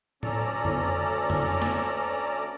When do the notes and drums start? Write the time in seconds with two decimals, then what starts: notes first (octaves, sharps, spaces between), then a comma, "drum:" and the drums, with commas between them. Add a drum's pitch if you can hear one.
0.23 D2 C#4 A4 D5 A#5, drum: tom A2
0.65 drum: tom
1.30 drum: tom
1.62 drum: snare